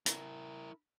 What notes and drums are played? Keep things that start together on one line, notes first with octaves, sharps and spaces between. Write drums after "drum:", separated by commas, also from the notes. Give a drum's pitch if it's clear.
E4 A#4, drum: hi-hat